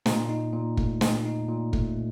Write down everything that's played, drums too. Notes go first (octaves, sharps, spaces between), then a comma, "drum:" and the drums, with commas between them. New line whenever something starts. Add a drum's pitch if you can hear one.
A#2, drum: snare
D#4
A#2
A3, drum: kick
A#2, drum: snare
D#4
A#2
A3, drum: kick